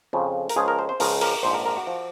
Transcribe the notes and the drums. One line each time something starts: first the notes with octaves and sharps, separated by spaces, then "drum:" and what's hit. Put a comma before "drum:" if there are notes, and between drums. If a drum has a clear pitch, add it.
F2 C#3 F3
A#4, drum: hi-hat
C#2 C#3 F3 G#4
A#4
C5
C5
C#2 C#3 F3 A#4, drum: open hi-hat
A#4, drum: cymbal
A#1 G#2 F3 C5
A#4
A#4
F#4
F3